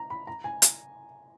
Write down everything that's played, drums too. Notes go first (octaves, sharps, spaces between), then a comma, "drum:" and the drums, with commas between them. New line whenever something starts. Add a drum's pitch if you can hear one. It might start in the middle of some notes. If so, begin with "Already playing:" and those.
Already playing: A#5
B5
A#5
G#5
drum: hi-hat